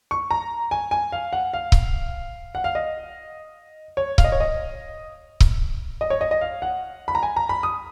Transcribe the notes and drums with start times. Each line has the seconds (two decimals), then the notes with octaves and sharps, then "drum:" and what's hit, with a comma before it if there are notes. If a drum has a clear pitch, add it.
0.11 C#6
0.31 A#5
0.71 G#5
0.91 G#5
1.12 F5
1.33 F#5
1.53 F5
1.72 drum: kick C#1
2.55 F#5
2.64 F5
2.75 D#5
3.97 C#5
4.18 F5, drum: kick C#1
4.24 D#5
4.32 C#5
4.40 D#5
5.40 drum: kick C#1
6.01 D#5
6.10 C#5
6.21 D#5
6.31 D#5
6.41 F5
6.62 F#5
7.08 B5
7.15 A#5
7.23 G#5
7.36 A#5
7.49 B5
7.63 D#6